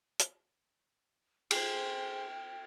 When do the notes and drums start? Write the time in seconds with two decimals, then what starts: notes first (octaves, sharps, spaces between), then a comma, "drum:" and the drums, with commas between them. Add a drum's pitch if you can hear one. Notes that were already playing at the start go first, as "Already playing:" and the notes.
0.19 drum: hi-hat
1.51 G#4 C5 G5, drum: cymbal